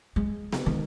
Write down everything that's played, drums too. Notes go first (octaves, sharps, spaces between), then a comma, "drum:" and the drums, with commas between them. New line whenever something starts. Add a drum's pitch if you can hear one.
G#3
drum: snare B3
D#3